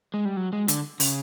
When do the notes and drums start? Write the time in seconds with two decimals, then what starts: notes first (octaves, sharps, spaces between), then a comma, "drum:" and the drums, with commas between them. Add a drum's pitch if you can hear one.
0.14 G#3
0.25 G3
0.37 F#3
0.53 G#3
0.68 D3, drum: hi-hat
1.00 C#3, drum: open hi-hat